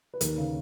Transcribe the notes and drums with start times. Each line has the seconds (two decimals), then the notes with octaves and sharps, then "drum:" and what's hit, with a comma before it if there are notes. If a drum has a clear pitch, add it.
0.14 B4
0.21 D#2 A#4, drum: hi-hat
0.38 C#3